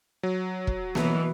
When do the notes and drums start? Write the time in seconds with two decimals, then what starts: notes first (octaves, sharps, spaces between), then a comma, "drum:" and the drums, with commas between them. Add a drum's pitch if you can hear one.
0.23 F#3
0.67 drum: kick
0.95 B2 E3, drum: snare A#3